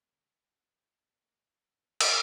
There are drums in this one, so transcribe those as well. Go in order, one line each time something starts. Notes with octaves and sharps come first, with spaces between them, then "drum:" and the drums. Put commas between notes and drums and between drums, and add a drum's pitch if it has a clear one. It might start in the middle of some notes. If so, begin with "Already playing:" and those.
Already playing: C#3 G3 A#3
A#4 A#5
G4 G5
E5
F#4 F#5
G4 G5
A#2 A#3 D4
A#4 A#5
A#4 A#5
B3 B4
drum: cymbal